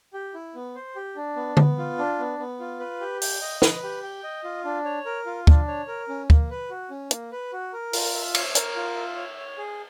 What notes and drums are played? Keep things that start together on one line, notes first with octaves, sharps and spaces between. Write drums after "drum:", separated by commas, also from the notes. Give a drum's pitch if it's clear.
G4
E4
B3
C5
G4
D4
B3
B3, drum: tom D3
F4
D4
B3
B3
F4
B4
G4
G5, drum: open hi-hat
D#5
B4, drum: snare
G4
G5
D#5
F4
D4
C#5
A#4
F4
D4, drum: kick
C#5
A#4
C#4
A#3, drum: kick
B4
F#4
C#4
A#3, drum: hi-hat
B4
F#4
A#4
F4, drum: open hi-hat
E5
C#5, drum: cymbal
A#4, drum: hi-hat
F4
E5
C#5
C#5
G#4